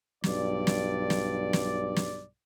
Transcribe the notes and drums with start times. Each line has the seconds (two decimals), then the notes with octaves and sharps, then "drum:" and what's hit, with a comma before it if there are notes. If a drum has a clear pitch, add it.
0.24 B1 G2 D5, drum: snare
0.67 drum: snare
1.10 drum: snare
1.53 drum: snare
1.96 drum: snare